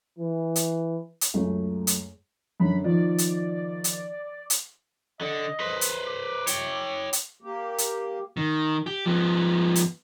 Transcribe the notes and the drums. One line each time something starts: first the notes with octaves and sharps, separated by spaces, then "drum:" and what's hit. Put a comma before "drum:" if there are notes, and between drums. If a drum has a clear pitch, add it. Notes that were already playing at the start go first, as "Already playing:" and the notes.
E3
drum: hi-hat
drum: hi-hat
C#2 F#2 A3
drum: hi-hat
F#2 D3 B5
D#3 F3 D5
drum: hi-hat
drum: hi-hat
drum: hi-hat
D3 D#5
B4 C5
drum: hi-hat
D6
C#5 G5, drum: hi-hat
drum: hi-hat
A#3 G4
drum: hi-hat
D#3
G4
F3 B3
drum: hi-hat